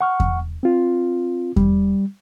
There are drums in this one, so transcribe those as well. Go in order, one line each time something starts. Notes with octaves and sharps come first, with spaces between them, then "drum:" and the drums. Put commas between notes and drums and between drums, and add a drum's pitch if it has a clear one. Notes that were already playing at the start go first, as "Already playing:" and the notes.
F#5 C#6 F6
drum: kick E2
C4 F4
G3, drum: kick E2